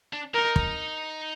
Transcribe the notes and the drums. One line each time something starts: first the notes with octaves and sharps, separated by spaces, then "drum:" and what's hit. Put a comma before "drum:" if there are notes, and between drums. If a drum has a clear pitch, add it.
D4
D#4 A#4
drum: kick